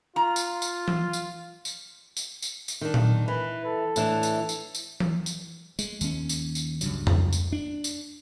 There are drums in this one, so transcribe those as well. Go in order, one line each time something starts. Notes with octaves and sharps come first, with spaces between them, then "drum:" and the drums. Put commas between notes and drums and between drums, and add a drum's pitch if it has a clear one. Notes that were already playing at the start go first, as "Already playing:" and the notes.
F4 A#5
drum: tambourine
drum: tambourine
drum: tom E3
drum: tambourine
drum: tambourine
drum: tambourine
drum: tambourine
drum: tambourine
D#3 D4
drum: tom A#2
E3 B4
A4
A2 E3 D4, drum: tambourine
drum: tambourine
drum: tambourine
drum: tambourine
drum: tom E3
drum: tambourine
G#3, drum: tambourine
D#2 C#4, drum: tambourine
drum: tambourine
drum: tambourine
C#2 G2 F#3, drum: tambourine
drum: tom F2
drum: tambourine
D4
drum: tambourine